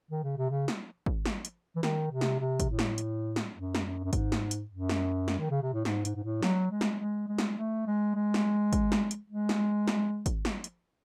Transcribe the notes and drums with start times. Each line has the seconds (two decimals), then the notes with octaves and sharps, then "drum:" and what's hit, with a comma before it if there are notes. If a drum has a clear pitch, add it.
0.11 D#3
0.23 C#3
0.37 C3
0.50 C#3
0.68 drum: snare
1.06 drum: kick G#1
1.26 drum: snare
1.45 drum: hi-hat
1.76 E3
1.83 D#3, drum: snare
2.11 C3
2.21 drum: snare
2.40 C3
2.60 drum: kick G#1, hi-hat
2.70 A2
2.79 drum: snare
2.98 drum: hi-hat
3.36 drum: snare
3.55 F#2
3.75 drum: snare
3.85 F#2
4.04 F#2
4.13 G#2, drum: kick G#1, hi-hat
4.32 drum: snare
4.51 drum: hi-hat
4.71 F#2
4.89 drum: snare
5.28 drum: snare
5.39 D#3
5.50 C#3
5.62 C3
5.73 A2
5.85 G#2, drum: snare
6.05 G#2, drum: hi-hat
6.16 G#2
6.24 A2
6.43 F#3, drum: snare
6.71 G#3
6.81 drum: snare
7.00 G#3
7.28 G#3
7.38 drum: snare
7.58 A3
7.87 G#3
8.15 G#3
8.34 drum: snare
8.73 drum: kick G#1, hi-hat
8.92 drum: snare
9.11 drum: hi-hat
9.30 G#3
9.49 drum: snare
9.87 drum: snare
10.26 drum: kick G#1, hi-hat
10.45 drum: snare
10.64 drum: hi-hat